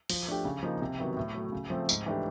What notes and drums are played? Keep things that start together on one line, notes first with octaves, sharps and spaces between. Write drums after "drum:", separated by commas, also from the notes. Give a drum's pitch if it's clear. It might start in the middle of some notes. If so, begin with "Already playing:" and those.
F3, drum: open hi-hat
A3 D4 G4
C#3
F3 A#3 D#4
C3
D#3 F#3 B3 E4
A2
F#3 A3
C#3
F3 A3 C4
G#2, drum: tambourine
E3 A3 D4 G4